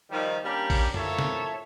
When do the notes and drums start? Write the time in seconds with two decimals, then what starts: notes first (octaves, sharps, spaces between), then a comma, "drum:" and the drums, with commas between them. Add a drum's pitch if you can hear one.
0.11 D#3 F3 G3
0.44 G3 A#3 C#4 D4 G4 A#4
0.70 drum: kick, open hi-hat
0.94 A2 F3 A#3 A4 C#5 E5, drum: tom F#2
1.19 drum: snare